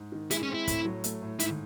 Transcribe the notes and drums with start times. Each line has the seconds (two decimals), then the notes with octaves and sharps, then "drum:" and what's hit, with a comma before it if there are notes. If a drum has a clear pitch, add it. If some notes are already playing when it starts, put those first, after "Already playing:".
Already playing: G#2
0.12 D#3
0.31 G#3 E4, drum: hi-hat
0.43 C#4
0.48 C4
0.55 E4
0.67 A2, drum: kick, hi-hat
0.85 F#3
1.04 A3, drum: hi-hat
1.22 A2
1.40 G#2 E4, drum: hi-hat